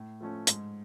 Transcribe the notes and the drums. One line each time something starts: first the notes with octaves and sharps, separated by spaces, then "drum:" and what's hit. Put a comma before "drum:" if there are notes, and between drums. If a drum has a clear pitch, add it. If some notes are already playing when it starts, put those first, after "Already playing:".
Already playing: A2
F3 A3 C#4
G#2, drum: hi-hat